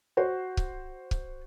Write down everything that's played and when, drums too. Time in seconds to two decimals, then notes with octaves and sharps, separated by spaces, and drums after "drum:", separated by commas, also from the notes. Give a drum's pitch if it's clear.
0.17 F#4 C5
0.57 drum: kick C#1
1.11 drum: kick C#1